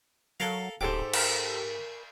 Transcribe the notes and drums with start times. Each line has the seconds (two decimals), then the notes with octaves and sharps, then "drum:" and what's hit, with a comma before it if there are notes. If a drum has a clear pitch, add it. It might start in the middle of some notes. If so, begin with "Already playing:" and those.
0.40 F#3 A4 A#4 F5
0.81 D1 G#2 G4 A4 C5 D6
1.13 A#4, drum: cymbal